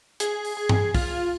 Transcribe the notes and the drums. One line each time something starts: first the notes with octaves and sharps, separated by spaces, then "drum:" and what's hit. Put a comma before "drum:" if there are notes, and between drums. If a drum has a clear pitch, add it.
G#4, drum: hi-hat
drum: open hi-hat
G#4
drum: tom G2
F4, drum: kick, open hi-hat